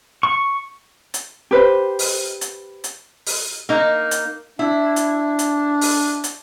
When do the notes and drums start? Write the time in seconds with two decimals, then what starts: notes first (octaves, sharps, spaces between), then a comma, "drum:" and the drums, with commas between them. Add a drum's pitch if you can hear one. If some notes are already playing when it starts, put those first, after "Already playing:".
0.23 C#6
1.14 drum: hi-hat
1.51 G4 B4 C5
1.99 drum: open hi-hat
2.41 drum: hi-hat
2.84 drum: hi-hat
3.26 drum: open hi-hat
3.69 A#3 D#4
4.11 drum: hi-hat
4.59 D4 E4
4.96 drum: hi-hat
5.39 drum: hi-hat
5.81 drum: open hi-hat
6.24 drum: hi-hat